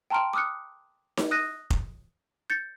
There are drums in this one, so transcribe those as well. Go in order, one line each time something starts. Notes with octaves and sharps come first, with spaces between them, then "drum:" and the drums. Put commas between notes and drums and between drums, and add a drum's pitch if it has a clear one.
G5 A5 A#5 C6 F6 D7
D6 D#6 F6 F#6 C#7
drum: snare D#4
D#6 F#6 A#6 D#7
drum: kick F1
G6 A6 C#7